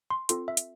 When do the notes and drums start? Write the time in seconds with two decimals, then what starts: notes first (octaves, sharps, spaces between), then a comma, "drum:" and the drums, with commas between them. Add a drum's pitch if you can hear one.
0.10 C6
0.29 C4 F4 A4 C6, drum: hi-hat
0.48 E5
0.57 drum: hi-hat